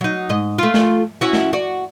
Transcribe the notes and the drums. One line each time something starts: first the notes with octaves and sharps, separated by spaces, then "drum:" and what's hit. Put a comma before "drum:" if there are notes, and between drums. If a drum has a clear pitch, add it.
F#3 D#4
G#2 D#5
A3 F4
drum: snare
C#4 E4 F#4
drum: snare
F#4 D5